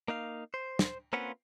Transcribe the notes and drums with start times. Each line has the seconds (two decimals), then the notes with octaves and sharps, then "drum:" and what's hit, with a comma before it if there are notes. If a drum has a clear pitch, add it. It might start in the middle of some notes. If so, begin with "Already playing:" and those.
0.08 A#3 D#4 F5
0.54 C5
0.79 drum: snare
1.13 A#3 C4 C#4 F4 B4 F#5